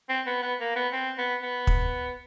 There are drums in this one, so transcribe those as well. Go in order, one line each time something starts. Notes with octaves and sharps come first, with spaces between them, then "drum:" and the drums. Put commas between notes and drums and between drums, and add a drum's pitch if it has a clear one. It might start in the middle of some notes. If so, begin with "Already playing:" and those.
C4
B3
B3
A#3
B3
C4
B3
B3
drum: kick